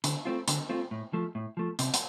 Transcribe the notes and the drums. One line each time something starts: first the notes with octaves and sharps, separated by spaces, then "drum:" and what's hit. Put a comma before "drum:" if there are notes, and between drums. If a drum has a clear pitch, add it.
D3, drum: hi-hat
A3 C4 F4
D3, drum: hi-hat
A3 C4 F4
A2
F3 A3
A2
F3 A3
C3, drum: hi-hat
drum: hi-hat